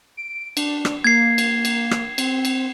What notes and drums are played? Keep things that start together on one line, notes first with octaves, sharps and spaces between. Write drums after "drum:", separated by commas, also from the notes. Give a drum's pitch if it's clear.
D7
D4, drum: cymbal
drum: rim click
A#3 G#6 C7
drum: cymbal
drum: cymbal
drum: rim click
C4, drum: cymbal
drum: cymbal